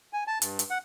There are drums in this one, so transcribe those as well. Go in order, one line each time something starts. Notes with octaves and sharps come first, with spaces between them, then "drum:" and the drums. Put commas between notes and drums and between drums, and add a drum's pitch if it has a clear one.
G#5
A5
G2, drum: hi-hat
drum: hi-hat
F#5